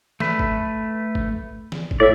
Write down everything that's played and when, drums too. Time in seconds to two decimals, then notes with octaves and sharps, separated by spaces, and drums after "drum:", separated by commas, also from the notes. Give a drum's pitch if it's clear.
0.20 A3 B4, drum: snare
0.39 drum: kick G#1
1.15 drum: kick G#1
1.72 drum: snare
1.91 drum: kick G#1
2.00 A2 D5 E5